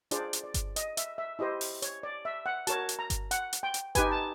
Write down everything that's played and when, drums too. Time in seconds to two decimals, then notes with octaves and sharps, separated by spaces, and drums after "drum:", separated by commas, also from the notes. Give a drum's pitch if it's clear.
0.11 D4 F4 G#4 C5 D5, drum: hi-hat
0.33 drum: hi-hat
0.44 D5
0.54 drum: kick G1, hi-hat
0.76 D#5, drum: hi-hat
0.97 E5, drum: hi-hat
1.18 E5
1.39 E4 G4 C5 D#5
1.61 drum: open hi-hat
1.82 C#5, drum: hi-hat
2.03 D5
2.25 E5
2.46 F#5
2.67 F#4 A#4 C#5 A5, drum: hi-hat
2.89 drum: hi-hat
2.99 A#5
3.10 drum: kick G1, hi-hat
3.31 F#5, drum: hi-hat
3.53 drum: hi-hat
3.63 G5
3.74 drum: hi-hat
3.95 D#4 G4 B4 G#5, drum: kick G1, hi-hat
4.11 A5